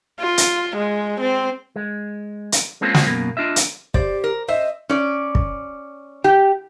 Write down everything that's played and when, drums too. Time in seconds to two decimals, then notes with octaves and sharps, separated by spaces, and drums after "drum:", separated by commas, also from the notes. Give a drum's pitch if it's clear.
0.20 F4
0.38 drum: hi-hat
0.77 G#3
1.21 C4
1.76 G#3
2.52 drum: hi-hat
2.81 G#3 A#3 C4 C#4 F4 A4
2.94 drum: snare
3.07 F#2 B2 A#3
3.37 D4 F4 D#5 E5
3.56 drum: hi-hat
3.94 G4 C5 D5, drum: kick
4.24 A#4
4.48 C5 D#5 E5
4.89 C#4 D5
5.35 drum: kick
6.24 G4